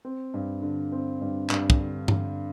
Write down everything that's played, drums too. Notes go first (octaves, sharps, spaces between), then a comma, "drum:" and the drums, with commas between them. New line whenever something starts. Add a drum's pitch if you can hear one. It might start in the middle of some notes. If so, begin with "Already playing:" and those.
C4
G2
D3
C4
G2
G2, drum: clap
drum: kick
D3
D3, drum: tom G2